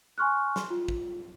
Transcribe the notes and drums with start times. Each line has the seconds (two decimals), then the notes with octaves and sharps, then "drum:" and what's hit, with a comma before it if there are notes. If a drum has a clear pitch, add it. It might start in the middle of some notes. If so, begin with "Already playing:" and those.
0.18 G#5 C6 C#6 F6 F#6
0.56 C6, drum: snare
0.70 F4
0.88 drum: kick